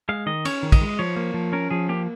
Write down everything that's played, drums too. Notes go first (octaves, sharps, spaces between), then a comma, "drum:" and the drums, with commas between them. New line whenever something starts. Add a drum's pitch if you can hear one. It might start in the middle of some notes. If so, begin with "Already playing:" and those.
G#3 F5
D#3 D#5
C#4 C#5, drum: cymbal
D#3
D#5, drum: kick, cymbal
G#3
F3 C#5
A#3
F3
C#4 A#4
F3 G#4
A#3 G4